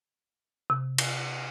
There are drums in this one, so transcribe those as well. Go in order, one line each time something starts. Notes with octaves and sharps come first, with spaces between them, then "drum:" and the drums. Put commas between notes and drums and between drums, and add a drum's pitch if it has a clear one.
C3
drum: cymbal